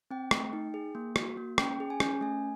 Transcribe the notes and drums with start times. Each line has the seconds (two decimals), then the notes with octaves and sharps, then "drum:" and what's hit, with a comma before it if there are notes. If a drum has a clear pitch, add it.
0.11 C4 G5
0.31 A3, drum: rim click
0.53 D#4
0.74 G#4
0.95 A#3
1.16 F#4, drum: rim click
1.37 A#3
1.58 C#4 G5, drum: rim click
1.80 G#4
1.90 G#5
2.00 C#4, drum: rim click
2.21 A3 G#5